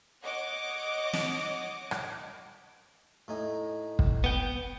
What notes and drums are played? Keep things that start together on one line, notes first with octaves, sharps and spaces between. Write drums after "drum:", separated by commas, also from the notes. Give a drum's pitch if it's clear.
C#5 D#5 F#5 D6
drum: snare
drum: rim click
A2 D#4 G#5
drum: kick
B3 B4 G5